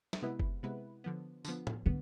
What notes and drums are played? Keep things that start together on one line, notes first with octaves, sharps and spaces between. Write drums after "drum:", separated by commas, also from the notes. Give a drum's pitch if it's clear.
drum: snare
C3 G#3 B3 E4 B4
drum: kick F#1
C3 G#3 B3 E4 B4
D3 F3 B3
D3 F3 B3, drum: tambourine
drum: tom
D3 B3